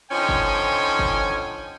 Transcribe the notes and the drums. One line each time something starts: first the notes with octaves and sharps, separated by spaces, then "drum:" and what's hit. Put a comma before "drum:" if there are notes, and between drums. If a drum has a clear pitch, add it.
D3 F3 C#4 D#4 G5 G#5
drum: kick G1
drum: kick G1